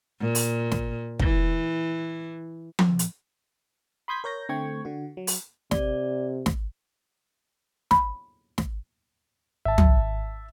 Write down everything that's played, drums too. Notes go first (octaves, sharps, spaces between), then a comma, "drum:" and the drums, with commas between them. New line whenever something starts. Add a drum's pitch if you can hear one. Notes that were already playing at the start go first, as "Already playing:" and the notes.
A#2
drum: open hi-hat
drum: snare
E3, drum: kick
drum: tom F3
drum: hi-hat
B5 C6 D#6 G6 G#6 B6
A#4 C#5 G6 A#6
D3 A3 C4 G5 C#6 G#6
D3 F#4
F#3
drum: open hi-hat
C3 D5, drum: snare
drum: snare
B5, drum: snare
drum: snare
G#1 E5 A5
drum: tom